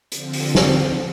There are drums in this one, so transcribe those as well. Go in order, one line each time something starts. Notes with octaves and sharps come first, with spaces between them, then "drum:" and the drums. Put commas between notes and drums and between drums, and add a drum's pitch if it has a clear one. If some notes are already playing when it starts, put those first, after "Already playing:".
D3 F3 C4, drum: hi-hat
drum: open hi-hat
drum: snare